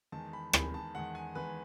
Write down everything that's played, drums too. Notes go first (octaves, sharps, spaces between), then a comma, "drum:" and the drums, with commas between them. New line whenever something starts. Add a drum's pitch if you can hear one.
E2 D#3 G#3 A5
B5
E2 D#3 G#3 B5, drum: rim click
A5
E2 D#3 G#3 F#5
G#5
E2 D#3 G#3 B4